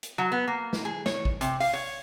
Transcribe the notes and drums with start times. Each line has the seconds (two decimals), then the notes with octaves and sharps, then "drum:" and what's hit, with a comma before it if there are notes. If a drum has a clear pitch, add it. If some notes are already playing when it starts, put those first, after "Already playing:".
0.03 drum: hi-hat
0.18 F#3
0.32 B3
0.47 A#3
0.73 drum: snare
0.85 G#4
1.06 C#5, drum: snare
1.25 drum: kick A1
1.41 C3, drum: hi-hat
1.60 F5, drum: open hi-hat
1.73 C#5